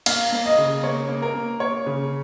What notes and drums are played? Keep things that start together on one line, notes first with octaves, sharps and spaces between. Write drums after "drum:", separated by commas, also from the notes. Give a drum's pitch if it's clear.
A#3 F5, drum: cymbal
A#3
D#5
C#3
A#3 C#5
A#3
A#4
A#3
A#3 C#5
C#3